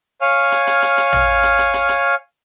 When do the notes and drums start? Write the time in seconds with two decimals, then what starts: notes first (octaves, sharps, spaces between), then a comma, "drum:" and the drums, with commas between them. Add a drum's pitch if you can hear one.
0.21 C#5 F5 G#5 F6
0.52 drum: hi-hat
0.67 drum: hi-hat
0.82 drum: hi-hat
0.97 drum: hi-hat
1.13 drum: tom
1.43 drum: hi-hat
1.58 drum: hi-hat
1.74 drum: hi-hat
1.89 drum: hi-hat